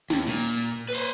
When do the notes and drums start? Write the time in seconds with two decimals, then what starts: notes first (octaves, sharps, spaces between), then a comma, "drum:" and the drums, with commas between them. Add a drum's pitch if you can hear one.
0.10 D#2, drum: snare
0.27 A#2
0.89 B4 C5